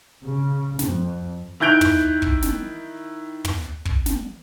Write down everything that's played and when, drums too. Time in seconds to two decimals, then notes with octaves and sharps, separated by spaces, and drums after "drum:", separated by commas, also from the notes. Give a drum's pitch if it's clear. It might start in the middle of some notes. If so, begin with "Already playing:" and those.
0.22 C#3
0.79 F2, drum: snare
1.60 D#3 E4 F#6 G6 D7 F7
1.81 drum: tom
2.22 drum: kick
2.42 drum: snare
3.45 drum: tom
3.85 drum: kick
4.06 drum: snare